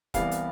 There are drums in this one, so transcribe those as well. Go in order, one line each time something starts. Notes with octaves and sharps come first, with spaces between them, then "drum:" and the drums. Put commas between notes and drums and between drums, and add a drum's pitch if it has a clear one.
C2 C3 E3 G3 B3 F5, drum: kick E1, hi-hat
drum: hi-hat